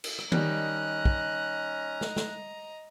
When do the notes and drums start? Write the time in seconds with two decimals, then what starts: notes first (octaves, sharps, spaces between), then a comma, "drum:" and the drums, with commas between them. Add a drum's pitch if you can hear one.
0.04 drum: cymbal
0.19 drum: rim click
0.32 D#3 G3 C#4 D#5 A#5 F#6, drum: tom D#3
1.05 drum: kick
2.01 drum: snare
2.16 drum: snare